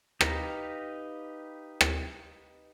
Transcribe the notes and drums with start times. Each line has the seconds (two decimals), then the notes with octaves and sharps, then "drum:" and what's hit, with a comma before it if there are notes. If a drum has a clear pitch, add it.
0.21 D#4 G4 B4 F5 A#5, drum: rim click
1.81 drum: rim click